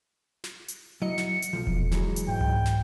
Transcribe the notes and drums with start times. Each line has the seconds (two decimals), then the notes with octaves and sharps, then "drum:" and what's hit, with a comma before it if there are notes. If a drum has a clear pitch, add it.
0.44 drum: snare
0.68 drum: hi-hat
1.02 F#3 E4 D#5 C#7
1.18 drum: snare
1.42 drum: hi-hat
1.53 B1 F3
1.67 drum: kick E1
1.92 E3 F#3 G#3, drum: snare
2.16 drum: hi-hat
2.28 G#2 G5
2.41 drum: tom C2
2.65 drum: snare